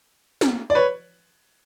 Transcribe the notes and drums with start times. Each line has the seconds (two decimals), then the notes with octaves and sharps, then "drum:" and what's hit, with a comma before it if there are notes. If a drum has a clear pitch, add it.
0.41 drum: snare
0.70 D5
0.75 B4 C#5